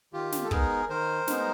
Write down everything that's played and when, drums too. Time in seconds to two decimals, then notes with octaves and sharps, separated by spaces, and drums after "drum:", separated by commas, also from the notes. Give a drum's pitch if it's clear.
0.13 D#3 F4 G4
0.32 drum: snare
0.44 A4
0.51 G#3 B3 D#4 G#4 A#4, drum: kick
0.89 D#3 A#4 C5
1.28 G#3 B3 D#4, drum: snare